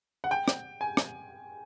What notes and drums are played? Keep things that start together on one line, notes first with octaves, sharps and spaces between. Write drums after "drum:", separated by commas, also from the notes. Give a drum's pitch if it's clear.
F#5
G5
drum: rim click
G#5
drum: rim click